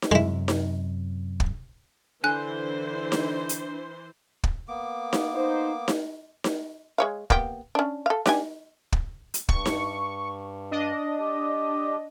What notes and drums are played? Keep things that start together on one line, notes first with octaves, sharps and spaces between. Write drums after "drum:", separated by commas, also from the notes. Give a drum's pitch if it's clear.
drum: snare D#4
F#2 C3 G#3 E4
drum: snare D#4
drum: kick
D3 E3 D4 C5 G#5 F#6
drum: snare D#4
drum: hi-hat
drum: kick
A#3 B3 D6
drum: snare D#4
D#4 C5
drum: snare D#4
drum: snare D#4
G#3 C#5 F5
A#3 B3 G4, drum: kick
C#4 D4
A4 F5
D4 G4 G#5, drum: snare D#4
drum: kick
drum: hi-hat
G2 C#6, drum: kick
drum: snare D#4
D4 D#5
G4